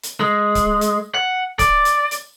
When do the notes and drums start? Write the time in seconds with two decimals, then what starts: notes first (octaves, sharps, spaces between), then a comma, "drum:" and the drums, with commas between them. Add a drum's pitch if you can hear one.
0.03 drum: hi-hat
0.20 G#3
0.55 drum: kick C#1, hi-hat
0.81 drum: hi-hat
1.14 F#5
1.59 D5, drum: kick C#1, hi-hat
1.85 drum: hi-hat
2.11 drum: hi-hat